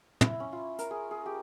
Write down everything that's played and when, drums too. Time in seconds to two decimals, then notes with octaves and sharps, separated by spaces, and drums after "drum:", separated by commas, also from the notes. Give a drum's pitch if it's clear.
0.21 E4, drum: tom
0.40 C#4
0.53 F4
0.79 A#4, drum: hi-hat
0.91 G#4
1.11 G#4
1.26 G4